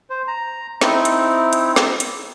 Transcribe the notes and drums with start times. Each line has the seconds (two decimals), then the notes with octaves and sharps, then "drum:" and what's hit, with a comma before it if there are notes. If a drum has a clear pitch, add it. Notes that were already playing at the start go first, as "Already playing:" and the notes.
0.10 C5
0.28 A#5
0.81 C4 D#4 E4, drum: snare
1.05 drum: hi-hat
1.53 drum: hi-hat
1.76 drum: snare
2.00 drum: hi-hat